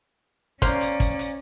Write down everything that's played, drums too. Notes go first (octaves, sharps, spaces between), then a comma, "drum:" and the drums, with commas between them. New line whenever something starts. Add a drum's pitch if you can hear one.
A#3 C#4 C5 D5, drum: kick, hi-hat
drum: hi-hat
drum: kick, hi-hat
drum: hi-hat